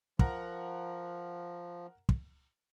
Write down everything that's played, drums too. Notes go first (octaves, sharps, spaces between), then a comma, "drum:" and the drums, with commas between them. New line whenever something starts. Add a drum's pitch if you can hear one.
F3 A#4 F#5 A#5, drum: kick
drum: kick